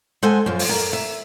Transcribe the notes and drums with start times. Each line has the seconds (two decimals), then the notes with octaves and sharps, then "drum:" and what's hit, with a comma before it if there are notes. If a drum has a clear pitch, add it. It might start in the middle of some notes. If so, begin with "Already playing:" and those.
0.23 G#3 A4 C5 F#5 G#5
0.46 F#2 F3
0.59 drum: open hi-hat
0.69 A#4
0.93 E5